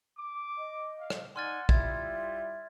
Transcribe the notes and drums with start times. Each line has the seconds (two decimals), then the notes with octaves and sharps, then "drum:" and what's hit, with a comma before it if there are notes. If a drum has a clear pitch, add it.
0.19 D6
0.58 D#5
1.00 F5
1.10 drum: rim click
1.36 D#4 D5 F#5 G#5 C6 F6 A6
1.69 G3 E4 F4 E5 G#6 A6, drum: kick